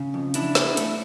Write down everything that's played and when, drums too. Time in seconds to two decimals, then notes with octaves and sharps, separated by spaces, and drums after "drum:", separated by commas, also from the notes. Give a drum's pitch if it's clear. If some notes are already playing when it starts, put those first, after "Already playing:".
Already playing: C#3
0.14 F2
0.34 E2 D4 E4, drum: hi-hat
0.55 B3, drum: snare
0.77 A3, drum: hi-hat